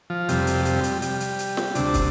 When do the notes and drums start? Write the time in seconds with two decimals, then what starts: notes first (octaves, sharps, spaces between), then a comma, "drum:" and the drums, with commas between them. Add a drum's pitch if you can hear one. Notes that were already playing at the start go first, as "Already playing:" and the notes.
0.10 F3
0.29 F2 C3 G3, drum: hi-hat
0.47 drum: hi-hat
0.65 G3, drum: hi-hat
0.84 drum: hi-hat
1.02 G3, drum: hi-hat
1.20 drum: hi-hat
1.39 drum: hi-hat
1.57 drum: snare
1.75 D2 C3 D4, drum: hi-hat
1.94 drum: kick, hi-hat